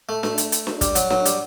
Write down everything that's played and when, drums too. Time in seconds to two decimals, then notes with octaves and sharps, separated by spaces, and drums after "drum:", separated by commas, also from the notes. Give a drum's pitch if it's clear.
0.09 A3
0.23 A3, drum: snare D4
0.38 drum: hi-hat
0.52 drum: hi-hat
0.67 drum: snare D4
0.81 G3, drum: kick, hi-hat
0.95 F#3, drum: hi-hat
1.10 F#3, drum: snare D4
1.26 G3, drum: hi-hat